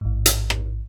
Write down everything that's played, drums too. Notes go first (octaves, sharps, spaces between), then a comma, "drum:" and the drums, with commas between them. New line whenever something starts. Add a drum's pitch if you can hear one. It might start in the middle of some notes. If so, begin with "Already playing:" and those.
A1 G#2
drum: hi-hat
drum: rim click